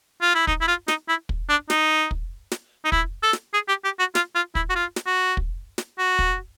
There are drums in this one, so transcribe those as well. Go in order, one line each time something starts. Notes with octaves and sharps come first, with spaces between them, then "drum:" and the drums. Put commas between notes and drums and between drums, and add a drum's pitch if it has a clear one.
F4
E4
D#4, drum: kick
E4
F4
D#4, drum: snare
E4
drum: kick
D4
D#4, drum: snare
drum: kick
drum: snare
D#4
E4, drum: kick
A4
drum: snare
G#4
G4
G4
F#4
F4, drum: snare
F4
E4, drum: kick
F#4
F4
drum: snare
F#4
drum: kick
drum: snare
F#4
drum: kick